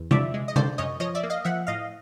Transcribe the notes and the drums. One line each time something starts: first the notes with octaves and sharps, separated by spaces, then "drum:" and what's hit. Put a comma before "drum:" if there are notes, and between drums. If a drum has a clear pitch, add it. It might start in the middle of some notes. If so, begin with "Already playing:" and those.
Already playing: E2
F3 D5 E5, drum: tom C3
G#3
D#5
D3 C5 D5, drum: tom C3
F#2 C#5 D#5
F3 C#5 D#5
D5 E5
A#3
D#5 F5
F3 E5 F#5
A2 D#5 F5